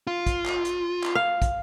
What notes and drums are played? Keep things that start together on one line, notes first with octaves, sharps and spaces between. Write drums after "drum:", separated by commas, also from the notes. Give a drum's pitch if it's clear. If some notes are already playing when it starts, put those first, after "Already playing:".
F4
drum: kick, hi-hat
drum: clap
drum: hi-hat
drum: clap
F5
drum: kick, hi-hat